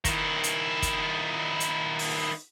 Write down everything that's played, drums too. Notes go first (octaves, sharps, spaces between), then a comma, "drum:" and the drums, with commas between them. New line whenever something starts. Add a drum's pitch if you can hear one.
D#3 E4, drum: kick, hi-hat
drum: hi-hat
drum: kick, hi-hat
drum: hi-hat
drum: open hi-hat